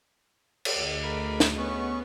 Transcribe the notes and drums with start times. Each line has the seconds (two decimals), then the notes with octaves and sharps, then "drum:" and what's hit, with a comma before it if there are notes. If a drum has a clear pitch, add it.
0.65 drum: cymbal
0.75 D2 G#4 D#5
1.04 A#4 B5 D6
1.40 drum: snare
1.58 B3 C#4 C#6